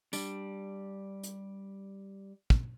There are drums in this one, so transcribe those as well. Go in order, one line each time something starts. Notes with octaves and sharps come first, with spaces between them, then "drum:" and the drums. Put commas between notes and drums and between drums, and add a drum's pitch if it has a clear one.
G3 D4, drum: tambourine
drum: hi-hat
drum: kick